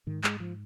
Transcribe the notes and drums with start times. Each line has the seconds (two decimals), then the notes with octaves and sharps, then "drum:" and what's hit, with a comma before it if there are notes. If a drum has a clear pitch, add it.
0.07 G#2 D#3
0.24 G#3, drum: clap
0.40 F3